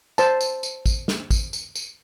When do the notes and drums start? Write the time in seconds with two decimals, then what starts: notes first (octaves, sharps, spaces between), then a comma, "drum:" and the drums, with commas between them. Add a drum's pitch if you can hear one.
0.18 C5 A5, drum: tambourine
0.41 drum: tambourine
0.63 drum: tambourine
0.86 drum: kick, tambourine
1.08 drum: snare
1.31 drum: kick, tambourine
1.53 drum: tambourine
1.75 drum: tambourine